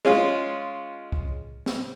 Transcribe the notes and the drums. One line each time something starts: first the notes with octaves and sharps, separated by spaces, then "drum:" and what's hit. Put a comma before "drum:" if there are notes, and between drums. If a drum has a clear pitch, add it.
G#3 C#4 F4
drum: kick C2
drum: snare